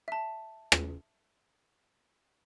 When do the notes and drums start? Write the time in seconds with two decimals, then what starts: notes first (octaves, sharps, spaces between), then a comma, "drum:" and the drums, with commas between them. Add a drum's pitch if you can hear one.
0.08 E5 A5
0.72 drum: rim click